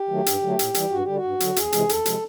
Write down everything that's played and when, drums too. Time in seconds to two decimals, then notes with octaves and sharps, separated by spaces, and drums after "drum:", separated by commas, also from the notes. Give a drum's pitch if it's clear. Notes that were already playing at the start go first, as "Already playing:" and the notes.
Already playing: G4
0.09 D#3 F#3 A3
0.26 G2, drum: hi-hat
0.42 D3 F#3 A3
0.59 A2, drum: hi-hat
0.74 E3 G3, drum: hi-hat
0.91 G2 F#4
1.04 D3 G3 G4
1.15 F#4
1.24 G2
1.40 D3 F#3, drum: hi-hat
1.56 E2 G#4, drum: hi-hat
1.72 C3 E3 G#3, drum: hi-hat
1.89 E2 A4, drum: hi-hat
2.06 C3 F3 G#3, drum: hi-hat